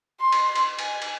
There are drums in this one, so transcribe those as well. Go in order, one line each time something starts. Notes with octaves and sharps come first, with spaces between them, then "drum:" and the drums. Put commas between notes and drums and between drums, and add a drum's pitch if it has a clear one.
C6
drum: cymbal
drum: cymbal
G#5, drum: cymbal
drum: cymbal